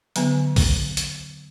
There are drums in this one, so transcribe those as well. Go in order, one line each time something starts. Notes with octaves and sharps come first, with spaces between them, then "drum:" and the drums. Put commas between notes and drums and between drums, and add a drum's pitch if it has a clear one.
D3 F#3 B3, drum: hi-hat
drum: kick A#1, open hi-hat
drum: hi-hat